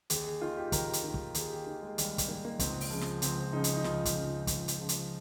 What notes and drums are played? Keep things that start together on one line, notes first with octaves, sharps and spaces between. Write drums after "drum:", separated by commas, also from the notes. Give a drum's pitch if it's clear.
D#2 G#4, drum: hi-hat
G#4
D#3 F4
G4
D#2 A#4, drum: kick, hi-hat
drum: hi-hat
D#3
drum: kick
D#2 G#4, drum: hi-hat
G4
D#3
G#3
D#2 G3, drum: hi-hat
drum: kick, hi-hat
D#3 A#3
A#3
C#2 C4, drum: kick, hi-hat
drum: open hi-hat
C#3 F3
drum: snare
C#2 C4, drum: hi-hat
C#3 F3 D#4
drum: hi-hat
D#4
C#2 F4, drum: snare
drum: kick, hi-hat
C#3
F3
C#2, drum: kick, hi-hat
drum: hi-hat
C#3 F3
drum: hi-hat